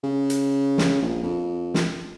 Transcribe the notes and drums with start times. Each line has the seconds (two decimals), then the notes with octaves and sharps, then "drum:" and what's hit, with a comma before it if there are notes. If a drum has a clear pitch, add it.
0.04 C#3
0.30 drum: hi-hat
0.78 drum: snare
1.02 A#1
1.23 F2
1.74 drum: snare